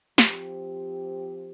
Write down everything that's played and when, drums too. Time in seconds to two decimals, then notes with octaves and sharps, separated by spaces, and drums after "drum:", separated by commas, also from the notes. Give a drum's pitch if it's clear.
0.18 F3 C4 G4, drum: snare